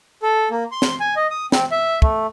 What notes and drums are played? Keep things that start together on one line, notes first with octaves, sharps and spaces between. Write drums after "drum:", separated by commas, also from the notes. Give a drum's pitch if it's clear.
A4
A#3
C6
drum: snare
G#5
D#5
D#6
C4, drum: snare
E5
A3, drum: kick